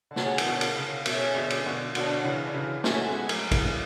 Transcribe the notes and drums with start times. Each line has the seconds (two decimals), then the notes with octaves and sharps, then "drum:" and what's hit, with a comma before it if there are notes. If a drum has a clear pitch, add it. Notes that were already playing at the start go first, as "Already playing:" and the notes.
0.11 D3
0.16 C#3 G#4 C#5 F#5 A5, drum: snare
0.38 E3, drum: cymbal
0.46 B2 D3
0.61 drum: cymbal
0.76 C#3
1.06 B2 C#4 G#4 C#5 E5, drum: cymbal
1.35 B2 D3
1.50 drum: cymbal
1.66 B2 D3
1.95 B2 D3 D4 F#4 C#5 F#5, drum: cymbal
2.25 C#3 E3
2.47 D3
2.54 C#3 E3
2.84 A3 C#4 F#4 A4 E5 G#5, drum: snare
3.06 G#3 B3
3.29 F#3 A3, drum: cymbal
3.51 E3 G#3, drum: kick, cymbal